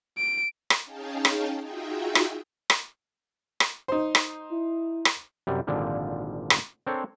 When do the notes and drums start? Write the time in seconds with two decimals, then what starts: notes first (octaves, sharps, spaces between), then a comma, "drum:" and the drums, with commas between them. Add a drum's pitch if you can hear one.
0.18 D7
0.70 drum: rim click
0.84 C#4 D#4 G#4 F5 G5 A5
1.25 drum: rim click
1.60 D#4 F4 F#4 G#4 E5 G5
2.15 drum: rim click
2.70 drum: rim click
3.60 drum: rim click
3.88 D#4 C5
4.15 drum: rim click
4.51 E4
5.05 drum: rim click
5.47 F#2 C3 G3
5.67 G#1 A#2 D3 F3 G3
6.50 drum: rim click
6.87 C4 D4 A4 A#4 C5 C#5